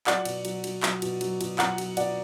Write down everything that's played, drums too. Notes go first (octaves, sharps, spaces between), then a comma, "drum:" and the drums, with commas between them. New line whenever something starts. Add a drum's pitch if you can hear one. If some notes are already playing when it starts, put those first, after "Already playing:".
F#3 D5 F#5, drum: clap
B2, drum: cymbal
F#3, drum: cymbal
F#3, drum: cymbal
F#3, drum: clap
B2, drum: cymbal
F#3, drum: cymbal
B2, drum: cymbal
F#3 F#5 A#5, drum: clap
F#3, drum: cymbal
B2 D5 F#5, drum: cymbal